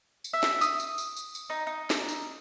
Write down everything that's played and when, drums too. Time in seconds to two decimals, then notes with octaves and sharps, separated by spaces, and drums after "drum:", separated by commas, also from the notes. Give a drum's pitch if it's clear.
0.24 drum: tambourine
0.33 E5
0.43 drum: snare
0.61 D#6, drum: tambourine
0.80 drum: tambourine
0.98 drum: tambourine
1.16 drum: tambourine
1.35 drum: tambourine
1.50 D#4
1.67 D#4
1.90 drum: snare
2.08 drum: tambourine